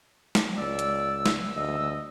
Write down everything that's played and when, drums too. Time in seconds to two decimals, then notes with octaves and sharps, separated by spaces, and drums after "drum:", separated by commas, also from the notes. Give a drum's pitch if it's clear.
0.35 drum: snare
0.57 C#2 D5 E6
0.79 drum: hi-hat
1.26 drum: snare
1.57 D2 D#5